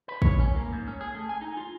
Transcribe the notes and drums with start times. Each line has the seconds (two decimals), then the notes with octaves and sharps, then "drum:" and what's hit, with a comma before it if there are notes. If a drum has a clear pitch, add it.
0.08 B4
0.22 C#5, drum: kick
0.40 C#4
0.56 A#3
0.73 G#2
0.88 C#4
1.01 G#4
1.15 A3
1.29 G#5
1.41 D#4
1.57 F4